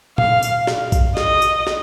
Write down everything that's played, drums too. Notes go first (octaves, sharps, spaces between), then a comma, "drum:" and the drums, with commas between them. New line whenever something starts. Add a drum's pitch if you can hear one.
F5, drum: tom A#2
drum: tambourine
drum: snare
drum: kick A#1, tambourine
D#5, drum: snare
drum: tambourine
drum: snare